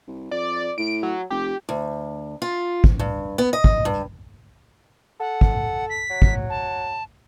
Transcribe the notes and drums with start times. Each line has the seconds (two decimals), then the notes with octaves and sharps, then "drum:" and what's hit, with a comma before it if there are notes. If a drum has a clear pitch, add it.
0.07 C2
0.31 F2 D5
0.78 A2 D7
1.03 F#3
1.30 F1 G4
1.69 D2
2.42 F4
2.84 drum: kick
2.99 G2
3.38 B3
3.53 D#5
3.64 drum: kick
3.85 G2
5.20 A4 F#5
5.41 drum: kick
5.90 B6
6.10 F#3
6.22 drum: kick
6.50 A5